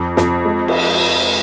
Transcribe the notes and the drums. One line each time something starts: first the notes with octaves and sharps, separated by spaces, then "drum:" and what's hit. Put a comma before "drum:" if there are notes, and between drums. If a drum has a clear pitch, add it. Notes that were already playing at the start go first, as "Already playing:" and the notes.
Already playing: F2
F2, drum: snare
G#3
drum: cymbal